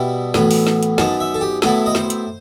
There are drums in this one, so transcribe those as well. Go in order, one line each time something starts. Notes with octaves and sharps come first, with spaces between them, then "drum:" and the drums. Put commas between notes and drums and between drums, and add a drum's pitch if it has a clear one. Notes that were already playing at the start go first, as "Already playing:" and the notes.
Already playing: B2 G3 B3 E4
A1 A2 F#3 B3, drum: snare
drum: open hi-hat
drum: snare
drum: hi-hat
F#2 F#3 B3 D#4 A5, drum: snare
E5
A4
G4
A2 F#3 B3 E4 A4, drum: snare
D#5
C5, drum: snare
drum: hi-hat